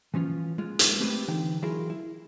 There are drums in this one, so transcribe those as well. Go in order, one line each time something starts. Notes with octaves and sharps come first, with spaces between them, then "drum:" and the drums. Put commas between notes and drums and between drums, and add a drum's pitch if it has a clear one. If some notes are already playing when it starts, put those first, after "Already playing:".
E3 F3 C#4 F4
G#3 F4
drum: hi-hat
A3 C4 G4 B4
D3 E3 D#4 G5
E3 F#3 E4 F4 G#4 A#4
E4